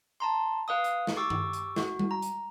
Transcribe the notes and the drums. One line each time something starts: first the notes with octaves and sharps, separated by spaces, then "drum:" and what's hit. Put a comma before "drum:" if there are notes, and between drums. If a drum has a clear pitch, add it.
A5 A#5 C6
B4 F5 D#6
drum: hi-hat
drum: snare
G4 C#6 D6 E6
drum: tom G2
drum: hi-hat
F#4, drum: snare
drum: tom G3
A#5
drum: hi-hat